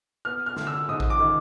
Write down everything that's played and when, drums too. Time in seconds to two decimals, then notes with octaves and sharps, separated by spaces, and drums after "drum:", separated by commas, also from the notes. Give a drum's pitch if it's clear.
0.25 B3 F6
0.46 F6
0.56 D3, drum: snare
0.67 E6
0.88 G#2 D#6
1.00 drum: kick A1
1.10 D6
1.20 D#3